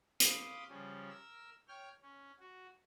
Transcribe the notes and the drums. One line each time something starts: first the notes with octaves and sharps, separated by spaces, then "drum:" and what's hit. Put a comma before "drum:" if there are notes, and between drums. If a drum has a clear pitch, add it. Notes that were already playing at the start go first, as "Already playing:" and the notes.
F5 B5 C6 D6 D#6, drum: hi-hat
C#3 F3 G3 C#4
A#4 E6
C#5 G5 F6
C#4
F#4